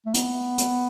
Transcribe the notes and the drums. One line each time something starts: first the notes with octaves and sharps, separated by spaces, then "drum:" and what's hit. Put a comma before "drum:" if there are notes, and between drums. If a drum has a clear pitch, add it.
A3
B3, drum: hi-hat
drum: hi-hat